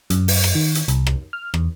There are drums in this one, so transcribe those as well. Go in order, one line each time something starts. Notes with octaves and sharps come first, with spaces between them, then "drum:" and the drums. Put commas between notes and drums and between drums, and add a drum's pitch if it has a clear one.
F#2, drum: hi-hat
drum: open hi-hat
drum: rim click
D#3
drum: hi-hat
C2, drum: hi-hat
drum: rim click
F6
E2, drum: rim click